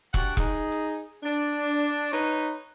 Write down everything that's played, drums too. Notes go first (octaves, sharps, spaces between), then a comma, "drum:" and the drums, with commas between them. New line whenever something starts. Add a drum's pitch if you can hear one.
D4 F#4 G4 F#5, drum: kick
D#4 G#4, drum: kick
drum: hi-hat
D4
D#4 B4 C#5